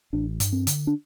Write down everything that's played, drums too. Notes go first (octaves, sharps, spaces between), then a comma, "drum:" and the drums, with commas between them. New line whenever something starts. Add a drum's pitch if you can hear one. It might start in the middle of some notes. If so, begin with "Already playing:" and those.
A1 D4
G2, drum: hi-hat
C4
D3, drum: hi-hat
D4